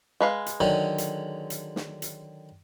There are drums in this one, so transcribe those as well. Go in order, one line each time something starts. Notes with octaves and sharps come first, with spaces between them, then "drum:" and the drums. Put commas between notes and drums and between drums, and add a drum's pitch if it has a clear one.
G#3 B4 F5
drum: hi-hat
D3 D#3 F#3
drum: hi-hat
drum: hi-hat
drum: snare
drum: hi-hat